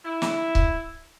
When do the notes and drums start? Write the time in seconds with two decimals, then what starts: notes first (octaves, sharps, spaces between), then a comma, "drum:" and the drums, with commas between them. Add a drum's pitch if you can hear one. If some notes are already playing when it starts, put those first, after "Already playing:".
0.05 E4
0.22 drum: snare
0.55 drum: kick C#1